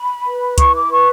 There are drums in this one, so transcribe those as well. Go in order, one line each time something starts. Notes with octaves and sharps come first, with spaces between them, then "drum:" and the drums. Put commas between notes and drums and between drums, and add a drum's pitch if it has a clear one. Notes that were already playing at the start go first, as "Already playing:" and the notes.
Already playing: B5
B4
E4 C#6, drum: kick, hi-hat
D6
B4 C#6